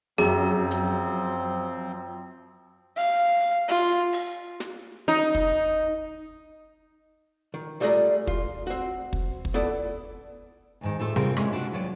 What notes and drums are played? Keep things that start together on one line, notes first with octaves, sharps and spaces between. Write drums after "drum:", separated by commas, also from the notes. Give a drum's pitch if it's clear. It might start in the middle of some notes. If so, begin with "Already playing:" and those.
F#2 F3 C4 G#4
drum: hi-hat
F5
F4
drum: open hi-hat
drum: snare
D#4, drum: snare
drum: kick
D#3
A#2 G3 A3 G#4 D5 A#5
F4, drum: kick
C4 F#4
drum: kick
drum: kick
B3 E4 A4 D5
D2 G#2 D#3
A2 A3 F4 A4
G3 C4 F4 G#4 A#4, drum: tom C3
G#3 C#4 E4, drum: rim click
D4 F4 F#4
D#2 F#3 F4 C#5 D5